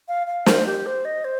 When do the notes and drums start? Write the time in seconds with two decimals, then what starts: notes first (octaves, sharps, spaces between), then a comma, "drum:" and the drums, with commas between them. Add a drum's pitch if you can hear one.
0.08 F5
0.27 F5
0.46 C5, drum: snare
0.66 G4
0.86 C5
1.05 D#5
1.25 C5